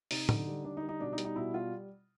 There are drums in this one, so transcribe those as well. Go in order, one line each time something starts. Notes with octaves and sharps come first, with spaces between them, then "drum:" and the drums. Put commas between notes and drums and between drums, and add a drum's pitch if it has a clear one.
C3 D#4, drum: open hi-hat
D3, drum: tom
G3
D3 D4
D#4
G3
D#4
B2 D4
D#4
G3, drum: hi-hat
D#4
B2 E4
G3 F4